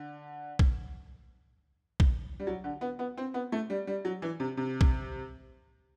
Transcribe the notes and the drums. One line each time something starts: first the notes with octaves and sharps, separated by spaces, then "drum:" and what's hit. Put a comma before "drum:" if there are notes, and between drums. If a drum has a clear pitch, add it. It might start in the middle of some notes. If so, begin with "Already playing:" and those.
Already playing: D3
drum: kick A#1
drum: kick A#1
G3
F#3
D3
B3
B3
C4
B3
A3
G3
G3
F#3
E3
C3
C3
drum: kick A#1